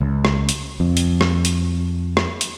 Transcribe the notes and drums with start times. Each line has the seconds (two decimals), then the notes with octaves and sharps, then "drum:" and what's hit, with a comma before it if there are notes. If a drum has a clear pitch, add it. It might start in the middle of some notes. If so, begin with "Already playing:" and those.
0.01 C#2
0.25 drum: rim click
0.49 drum: hi-hat
0.80 F2
0.97 drum: hi-hat
1.21 drum: rim click
1.45 drum: hi-hat
2.17 drum: rim click
2.41 drum: hi-hat